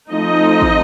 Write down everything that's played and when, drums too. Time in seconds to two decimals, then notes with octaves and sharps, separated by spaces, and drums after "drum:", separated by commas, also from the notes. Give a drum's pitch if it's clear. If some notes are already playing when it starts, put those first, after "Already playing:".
0.11 F3 A3 C4 D#4 D#5
0.61 drum: kick